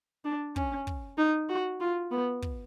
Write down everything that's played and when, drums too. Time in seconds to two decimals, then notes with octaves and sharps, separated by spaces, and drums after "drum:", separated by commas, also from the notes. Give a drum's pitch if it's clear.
0.25 D4
0.56 C#4, drum: kick
0.87 drum: kick
1.18 D#4
1.49 F#4
1.80 F4
2.11 B3
2.42 drum: kick